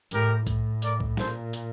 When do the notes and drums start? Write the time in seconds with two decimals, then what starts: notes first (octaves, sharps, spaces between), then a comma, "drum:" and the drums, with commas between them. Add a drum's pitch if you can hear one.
0.11 A2 G4 A#4, drum: tambourine
0.47 A2, drum: kick C2, tambourine
0.82 A#4 D5, drum: tambourine
1.00 drum: kick C2
1.17 A#2 A4 C5, drum: snare
1.53 drum: tambourine